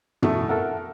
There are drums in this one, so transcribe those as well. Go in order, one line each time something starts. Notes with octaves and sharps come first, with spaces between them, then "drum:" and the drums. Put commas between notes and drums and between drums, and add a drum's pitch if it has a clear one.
B2 E3 A3, drum: tom
A4 A#4 E5 F#5